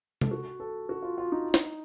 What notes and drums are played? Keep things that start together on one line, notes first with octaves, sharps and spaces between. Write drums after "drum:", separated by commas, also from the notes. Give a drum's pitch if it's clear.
A4, drum: tom C3
F#4
A4
F#4
F4
F4
D#4
drum: snare